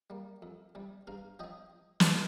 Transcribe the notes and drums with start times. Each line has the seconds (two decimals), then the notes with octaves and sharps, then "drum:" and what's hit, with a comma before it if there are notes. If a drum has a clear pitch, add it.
0.10 G3 A#3
0.42 F2
0.75 C3 G3
1.07 G2 F5 A#5
1.39 F3 C4 D#5 G5
2.00 drum: snare